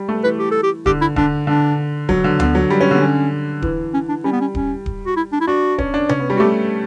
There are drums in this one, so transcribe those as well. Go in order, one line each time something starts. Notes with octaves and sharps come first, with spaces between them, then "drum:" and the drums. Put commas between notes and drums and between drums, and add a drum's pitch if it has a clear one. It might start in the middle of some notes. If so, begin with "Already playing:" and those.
Already playing: G3
A3
E3 B4
G4
A4
G4
D3 G4, drum: kick D1
E4
D3 D4, drum: kick D1
D3 D4
F#3, drum: kick D1
D3
D3 B3, drum: tom D2
F#3
G3
C#4
D3 B3
C#4
E3, drum: kick D1
C#4
D4
G3 C#4
B3
C#4
C#4, drum: kick D1
drum: kick D1
F#4
E4
D4
E4
D4 F#4
C#4, drum: kick D1
D4
C#4, drum: tom C3
B3
G3
F#4
A3 G4